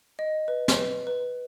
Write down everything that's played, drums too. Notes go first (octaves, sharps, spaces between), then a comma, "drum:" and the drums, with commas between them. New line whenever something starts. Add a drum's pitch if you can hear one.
D#5
B4
drum: snare
B4
B4